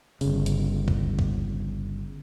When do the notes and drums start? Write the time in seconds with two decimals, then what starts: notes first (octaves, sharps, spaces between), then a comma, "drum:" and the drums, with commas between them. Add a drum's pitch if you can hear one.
0.21 G1 C#3, drum: open hi-hat
0.46 drum: hi-hat
0.88 drum: kick
1.19 drum: kick